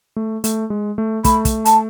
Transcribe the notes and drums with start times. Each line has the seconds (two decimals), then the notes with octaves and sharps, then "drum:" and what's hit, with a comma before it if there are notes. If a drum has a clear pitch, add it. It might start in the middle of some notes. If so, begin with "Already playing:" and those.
0.16 A3
0.44 A3, drum: hi-hat
0.70 G#3
0.98 A3
1.24 A3 B5, drum: kick, hi-hat
1.45 drum: kick, hi-hat
1.65 A5, drum: hi-hat